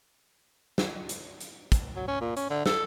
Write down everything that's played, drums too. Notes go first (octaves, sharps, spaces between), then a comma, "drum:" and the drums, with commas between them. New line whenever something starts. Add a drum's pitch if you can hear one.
drum: snare
drum: hi-hat
drum: hi-hat
drum: kick, hi-hat
F#3
C#4
A#2
C#4, drum: hi-hat
D3
A4, drum: snare